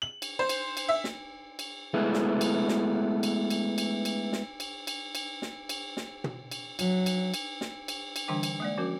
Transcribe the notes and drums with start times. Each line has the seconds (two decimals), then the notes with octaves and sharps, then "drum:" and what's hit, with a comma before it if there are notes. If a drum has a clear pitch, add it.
0.02 F#7
0.22 drum: cymbal
0.39 C5
0.49 drum: cymbal
0.77 drum: cymbal
0.89 E5
1.04 drum: snare
1.59 drum: cymbal
1.94 G#3 A3 B3 E4 G#4
2.14 drum: snare
2.41 drum: cymbal
2.68 drum: snare
3.23 drum: cymbal
3.50 drum: cymbal
3.78 drum: cymbal
4.05 drum: cymbal
4.33 drum: snare
4.60 drum: cymbal
4.87 drum: cymbal
5.15 drum: cymbal
5.42 drum: snare
5.69 drum: cymbal
5.97 drum: snare
6.24 drum: tom
6.51 drum: cymbal
6.79 F#3, drum: cymbal
7.06 drum: cymbal
7.34 drum: cymbal
7.61 drum: snare
7.88 drum: cymbal
8.16 drum: cymbal
8.28 D3 E3 G3 D4 G5 D6
8.43 drum: cymbal
8.60 G#3 A#3 D5
8.78 F3 C#4 F#4 A#4